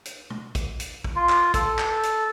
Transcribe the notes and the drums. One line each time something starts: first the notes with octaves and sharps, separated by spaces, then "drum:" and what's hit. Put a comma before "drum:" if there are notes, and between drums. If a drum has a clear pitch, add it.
drum: hi-hat
drum: tom
drum: kick, hi-hat
drum: hi-hat
drum: kick
F4
drum: clap
A4, drum: kick, hi-hat
drum: clap
drum: hi-hat